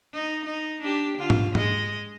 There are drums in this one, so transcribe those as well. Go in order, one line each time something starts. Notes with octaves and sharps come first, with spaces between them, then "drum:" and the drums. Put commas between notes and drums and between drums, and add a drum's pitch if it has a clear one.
D#4
D#4
D4 G4
D3 F4
drum: tom G#2
G#3 D#5, drum: tom G#2